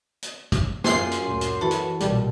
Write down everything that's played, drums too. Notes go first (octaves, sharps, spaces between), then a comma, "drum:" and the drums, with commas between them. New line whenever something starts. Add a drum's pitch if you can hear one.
drum: hi-hat
drum: kick, hi-hat
F#2 F4 G#4 C6 C7, drum: snare
drum: hi-hat
D2 A#2
drum: hi-hat
E3 F#4 A4 B5
drum: hi-hat
B1 A#2 G3, drum: hi-hat